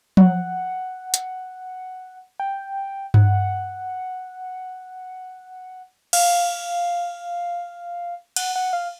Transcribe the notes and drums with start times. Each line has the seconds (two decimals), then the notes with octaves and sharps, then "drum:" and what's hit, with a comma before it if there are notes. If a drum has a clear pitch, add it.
0.17 F#5, drum: tom F3
1.14 drum: hi-hat
2.40 G5
3.14 F#5, drum: tom G2
6.13 F5, drum: cymbal
8.36 F#5, drum: cymbal
8.56 F#5
8.73 F5